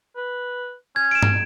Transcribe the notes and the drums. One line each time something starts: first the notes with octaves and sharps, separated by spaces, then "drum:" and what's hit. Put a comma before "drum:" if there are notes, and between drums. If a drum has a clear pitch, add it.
B4
C#4 G#6
D7 E7
drum: tom